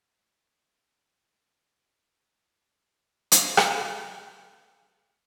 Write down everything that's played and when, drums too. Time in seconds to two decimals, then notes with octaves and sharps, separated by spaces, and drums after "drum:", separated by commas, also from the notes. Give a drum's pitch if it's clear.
1.70 B3 D4 E4 G#4 A4 B4
3.32 drum: hi-hat
3.57 drum: rim click
4.05 D#2 G#2 C4 D4 G#4
4.30 B1 D#3
4.66 F3 A#3 A4 F5
4.86 F#3 A3 B3 D4 E4 G#4